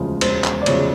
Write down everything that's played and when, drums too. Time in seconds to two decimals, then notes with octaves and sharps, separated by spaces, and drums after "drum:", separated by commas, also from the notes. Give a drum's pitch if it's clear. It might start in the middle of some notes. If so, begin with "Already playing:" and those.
Already playing: E1 D2 C#3 F3 G#3
0.21 E1 C5, drum: cymbal
0.44 drum: clap
0.62 D5
0.66 D2 C#3 F3 G#3 C#5, drum: cymbal